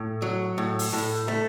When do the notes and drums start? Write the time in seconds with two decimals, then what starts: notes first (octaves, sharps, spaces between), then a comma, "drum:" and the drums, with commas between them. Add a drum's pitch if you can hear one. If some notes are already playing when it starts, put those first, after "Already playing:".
Already playing: A2
0.22 F#3
0.58 A2
0.79 drum: open hi-hat
0.93 A2
1.28 A3